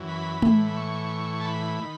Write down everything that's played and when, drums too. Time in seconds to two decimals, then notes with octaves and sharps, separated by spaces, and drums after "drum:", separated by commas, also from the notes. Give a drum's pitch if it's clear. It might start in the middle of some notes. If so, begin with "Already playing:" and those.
Already playing: F#2 E3
0.08 B5
0.42 A2 E3, drum: tom G#3
0.68 B5
0.77 C#6
1.40 A5
1.45 B5
1.82 D#3